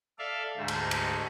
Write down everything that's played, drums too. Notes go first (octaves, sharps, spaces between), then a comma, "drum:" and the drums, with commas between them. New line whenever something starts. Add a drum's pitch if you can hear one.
A4 D5 E5 F5
D2 G#2
drum: cymbal
drum: cymbal